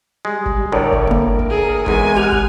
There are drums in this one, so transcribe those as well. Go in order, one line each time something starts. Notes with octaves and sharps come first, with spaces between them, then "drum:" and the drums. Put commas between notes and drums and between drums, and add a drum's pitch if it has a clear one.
G3 G#3
drum: kick
D2 A2 A#4 C#5 D5
drum: kick
G1 A#3 A#4
drum: kick
G#4 A4
G#1 E2 G#3 G#5, drum: kick
G4 F#5 F6
drum: kick